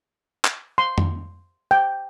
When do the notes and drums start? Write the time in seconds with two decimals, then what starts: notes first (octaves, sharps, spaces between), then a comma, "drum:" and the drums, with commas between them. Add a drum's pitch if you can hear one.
0.45 drum: clap
0.78 C6
0.98 drum: tom F2
1.71 G5